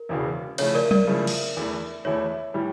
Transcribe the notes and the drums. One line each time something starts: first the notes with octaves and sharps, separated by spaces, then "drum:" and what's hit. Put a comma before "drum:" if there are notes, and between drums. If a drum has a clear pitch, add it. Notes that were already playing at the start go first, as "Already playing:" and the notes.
Already playing: A#4
E1 E2 C#3
C#3 F3 A3 E4 C#5, drum: cymbal
A#4 D5
A#4 D5, drum: tom F#3
C#3 F3 A3 E4
drum: cymbal
E2 E3 A3 E4
E2 E3 A3 E4 C#5
A2 E3 G3